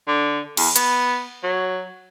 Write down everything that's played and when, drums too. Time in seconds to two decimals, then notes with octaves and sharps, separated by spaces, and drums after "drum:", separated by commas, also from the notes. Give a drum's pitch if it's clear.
0.08 D3
0.57 E2, drum: cymbal
0.76 B3, drum: hi-hat
1.43 F#3